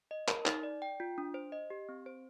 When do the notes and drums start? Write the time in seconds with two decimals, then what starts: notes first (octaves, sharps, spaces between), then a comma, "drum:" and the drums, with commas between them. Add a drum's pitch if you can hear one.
0.11 D#5
0.28 A#4, drum: clap
0.46 D#4, drum: clap
0.63 D5
0.82 G5
1.00 F4
1.18 D4
1.34 C5
1.52 D#5
1.70 G4
1.89 C4
2.06 C5